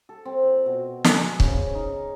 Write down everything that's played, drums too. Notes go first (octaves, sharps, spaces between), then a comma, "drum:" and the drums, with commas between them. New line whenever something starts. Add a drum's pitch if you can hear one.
A4
C4
A#2
B2
G#5, drum: snare
C#3, drum: kick
C#5
D#4